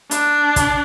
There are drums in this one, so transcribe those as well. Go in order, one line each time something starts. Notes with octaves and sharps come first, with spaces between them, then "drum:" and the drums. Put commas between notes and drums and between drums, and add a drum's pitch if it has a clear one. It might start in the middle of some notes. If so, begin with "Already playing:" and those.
D4, drum: hi-hat
drum: kick, hi-hat